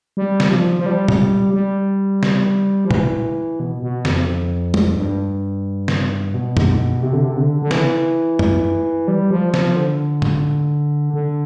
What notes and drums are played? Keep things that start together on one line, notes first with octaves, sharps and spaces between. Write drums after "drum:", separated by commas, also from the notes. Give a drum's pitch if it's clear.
G3
drum: snare
F3
F3
G3
drum: tom
G3
drum: snare
F3
E3, drum: tom
B2
B2
F2, drum: snare
drum: tom
G2
drum: snare
B2
drum: tom
C3
D3
C3
D3
D3
E3, drum: snare
drum: tom
G3
F3
F3, drum: snare
D3
drum: tom
D3